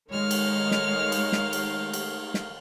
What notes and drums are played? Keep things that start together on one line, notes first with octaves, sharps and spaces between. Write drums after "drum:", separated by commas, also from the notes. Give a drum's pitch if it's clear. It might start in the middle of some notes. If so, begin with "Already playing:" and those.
D#3 G#3 A3 C#5 F5 F6
drum: cymbal
drum: snare
drum: cymbal
drum: snare
drum: cymbal
drum: cymbal
drum: snare